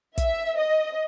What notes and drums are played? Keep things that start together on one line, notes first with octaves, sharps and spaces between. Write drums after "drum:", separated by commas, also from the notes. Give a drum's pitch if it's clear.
E5, drum: kick, hi-hat
D#5